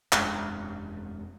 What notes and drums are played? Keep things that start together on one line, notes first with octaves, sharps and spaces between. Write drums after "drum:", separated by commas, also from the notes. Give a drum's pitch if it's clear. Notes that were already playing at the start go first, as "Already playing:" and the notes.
E1 F#2 G#3 D4, drum: clap